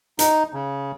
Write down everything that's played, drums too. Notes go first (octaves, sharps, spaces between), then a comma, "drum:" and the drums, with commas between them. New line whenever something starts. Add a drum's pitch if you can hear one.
D#4, drum: hi-hat
C#3